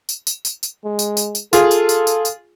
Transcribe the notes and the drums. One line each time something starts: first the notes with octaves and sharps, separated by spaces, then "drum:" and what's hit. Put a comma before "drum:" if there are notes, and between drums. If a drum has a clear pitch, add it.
drum: tambourine
drum: tambourine
drum: tambourine
drum: tambourine
G#3
drum: tambourine
drum: tambourine
drum: tambourine
F4 G#4 A4, drum: tambourine
drum: tambourine
drum: tambourine
drum: tambourine
drum: tambourine